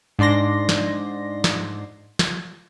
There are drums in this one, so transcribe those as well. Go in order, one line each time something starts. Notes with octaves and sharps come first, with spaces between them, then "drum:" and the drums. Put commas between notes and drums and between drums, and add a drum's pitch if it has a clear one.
G#2 D4 D5 C6 A#6
drum: snare
drum: snare
drum: snare